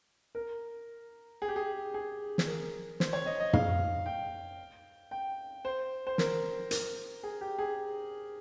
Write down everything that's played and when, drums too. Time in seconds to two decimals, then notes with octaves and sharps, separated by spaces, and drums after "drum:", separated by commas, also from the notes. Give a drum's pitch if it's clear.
0.35 A#4
1.42 G#4
1.48 G4
1.56 G#4
1.94 G#4
2.38 drum: snare
2.47 A#4
3.00 C5, drum: snare
3.13 C#5
3.26 D#5
3.40 D#5
3.53 F5, drum: tom
4.06 G5
5.11 G5
5.65 C5
6.07 C5
6.18 A#4, drum: snare
6.71 A#4, drum: hi-hat
7.23 G#4
7.41 G4
7.59 G#4